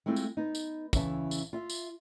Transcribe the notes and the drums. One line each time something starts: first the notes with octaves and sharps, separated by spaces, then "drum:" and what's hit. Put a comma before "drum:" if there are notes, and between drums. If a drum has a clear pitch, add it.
G#3 A3 C4 E4 F4
drum: tambourine
B3 D#4
drum: tambourine
E2 C#3 E3 E5 A5, drum: kick, tambourine
drum: tambourine
F4 E5
drum: tambourine